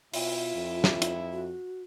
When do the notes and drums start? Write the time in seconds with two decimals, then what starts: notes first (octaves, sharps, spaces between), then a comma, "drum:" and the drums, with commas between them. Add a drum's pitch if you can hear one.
0.14 B2 E4 F4, drum: open hi-hat
0.55 F2
0.84 drum: snare
1.02 drum: hi-hat
1.32 F#4